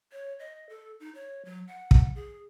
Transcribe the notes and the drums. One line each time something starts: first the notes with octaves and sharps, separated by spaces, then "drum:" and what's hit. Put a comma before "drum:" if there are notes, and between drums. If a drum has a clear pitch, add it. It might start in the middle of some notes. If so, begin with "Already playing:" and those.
C#5
D#5
A4
D#4
C#5
F#3
F#5
drum: kick
G#4